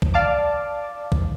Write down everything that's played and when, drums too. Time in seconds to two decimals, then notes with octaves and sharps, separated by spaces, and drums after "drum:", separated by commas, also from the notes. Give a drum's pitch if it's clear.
0.02 drum: kick A#1
0.14 D5 F5 A5 D6
1.12 drum: kick A#1